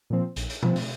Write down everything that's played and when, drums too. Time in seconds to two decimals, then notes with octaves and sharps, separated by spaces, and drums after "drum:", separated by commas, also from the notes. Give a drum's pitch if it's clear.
0.10 A#2 F3 C4
0.36 A#1, drum: hi-hat
0.50 drum: hi-hat
0.63 A#2 F3 C4, drum: tom B2
0.76 drum: open hi-hat